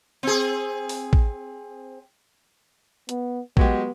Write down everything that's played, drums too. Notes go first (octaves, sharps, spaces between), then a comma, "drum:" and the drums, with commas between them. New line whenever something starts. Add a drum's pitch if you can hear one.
C4 G#4
drum: open hi-hat
drum: kick
B3, drum: hi-hat
F#3 G#3 B3 G4, drum: kick